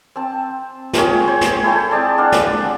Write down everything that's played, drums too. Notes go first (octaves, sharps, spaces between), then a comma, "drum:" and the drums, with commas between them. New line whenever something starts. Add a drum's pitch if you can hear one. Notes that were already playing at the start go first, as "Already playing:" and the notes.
C4 A5
C4 F4 G#4 C#5, drum: snare
C5 C#5
drum: snare
E4 A4 G5 A5
C4 G#4 D5 A5
D4 F5 F#5
drum: snare